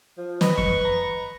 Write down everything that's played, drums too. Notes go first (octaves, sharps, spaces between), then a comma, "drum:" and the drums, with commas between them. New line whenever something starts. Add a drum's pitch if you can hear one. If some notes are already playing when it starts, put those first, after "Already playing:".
F3
B4 D#5, drum: snare
C#6, drum: kick F2
A#5